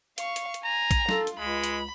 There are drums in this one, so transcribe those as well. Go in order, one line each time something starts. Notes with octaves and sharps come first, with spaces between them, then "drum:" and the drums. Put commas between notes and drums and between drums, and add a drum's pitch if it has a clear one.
F5 C#6, drum: hi-hat
drum: hi-hat
drum: hi-hat
G#5 A#5
drum: kick, hi-hat
F4 A4, drum: snare
drum: hi-hat
C#2 G#3 B5
drum: hi-hat